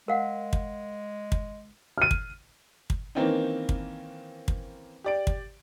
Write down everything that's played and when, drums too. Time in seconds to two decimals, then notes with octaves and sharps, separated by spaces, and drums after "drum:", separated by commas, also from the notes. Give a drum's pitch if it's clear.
0.08 G#3 A#4 F5 F#5
0.53 drum: kick
1.32 drum: kick
1.98 F6 D#7
2.11 drum: kick
2.90 drum: kick
3.15 D#3 E3 A#3 C4 C#4 D#4
3.69 drum: kick
4.48 drum: kick
5.04 G4 D5 D7
5.27 drum: kick